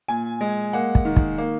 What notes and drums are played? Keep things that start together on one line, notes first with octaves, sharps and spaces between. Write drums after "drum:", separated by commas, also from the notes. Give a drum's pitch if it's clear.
A#2 G#5
G#3
A#3 F#5
drum: kick
D#3
drum: kick
A#3